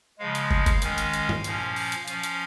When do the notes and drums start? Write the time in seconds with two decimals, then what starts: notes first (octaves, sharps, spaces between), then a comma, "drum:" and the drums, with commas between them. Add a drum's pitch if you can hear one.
0.19 C#3 F3 G#3 F5
0.35 drum: hi-hat
0.51 drum: kick
0.66 drum: kick, hi-hat
0.82 D#3 G#3 C#4, drum: hi-hat
0.98 drum: hi-hat
1.14 drum: hi-hat
1.29 drum: tom G2
1.44 A#2 F3 C#4, drum: hi-hat
1.76 drum: open hi-hat
1.92 drum: hi-hat
2.08 F3 C#4 F5, drum: hi-hat
2.24 drum: hi-hat